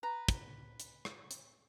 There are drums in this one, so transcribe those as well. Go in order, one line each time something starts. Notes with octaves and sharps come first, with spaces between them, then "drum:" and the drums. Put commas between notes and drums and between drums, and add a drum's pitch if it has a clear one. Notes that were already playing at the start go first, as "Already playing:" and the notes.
B4 A#5
drum: kick, hi-hat
drum: hi-hat
drum: rim click
drum: hi-hat